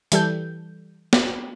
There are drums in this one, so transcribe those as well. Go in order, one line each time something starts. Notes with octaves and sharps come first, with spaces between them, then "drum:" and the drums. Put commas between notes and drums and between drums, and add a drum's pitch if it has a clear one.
E3 G3 A4 G6, drum: hi-hat
drum: snare